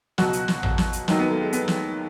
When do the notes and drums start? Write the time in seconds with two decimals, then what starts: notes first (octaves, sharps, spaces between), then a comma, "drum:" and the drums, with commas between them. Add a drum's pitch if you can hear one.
0.18 C#2 B2 F#3 F#4, drum: snare
0.33 drum: hi-hat
0.48 drum: snare
0.63 drum: tom A1
0.78 drum: snare
0.93 drum: hi-hat
1.08 D#2 D#3 F#3 D#4, drum: snare
1.19 B3
1.30 A3
1.42 G#3
1.53 B3, drum: hi-hat
1.68 drum: snare